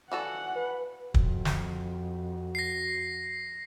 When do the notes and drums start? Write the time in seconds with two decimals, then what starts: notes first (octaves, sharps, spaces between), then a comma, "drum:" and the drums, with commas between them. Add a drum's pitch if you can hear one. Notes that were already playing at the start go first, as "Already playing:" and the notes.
0.12 E3 F#4 A4 D5 F5 F#5 G#5
0.55 B4
1.14 F2 F#4, drum: kick
1.45 drum: snare
2.55 A#6 C7